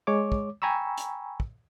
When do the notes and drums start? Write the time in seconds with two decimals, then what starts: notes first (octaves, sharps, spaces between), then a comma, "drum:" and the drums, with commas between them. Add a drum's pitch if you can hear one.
0.07 G#3 C#5 D6
0.32 drum: kick
0.62 G5 G#5 A#5 B5 C#6 E6
0.98 drum: hi-hat
1.40 drum: kick